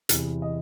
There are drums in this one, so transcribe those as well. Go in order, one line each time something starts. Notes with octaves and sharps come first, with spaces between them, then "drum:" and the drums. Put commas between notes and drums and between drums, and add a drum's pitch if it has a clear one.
E2 C3 E3, drum: hi-hat
D#5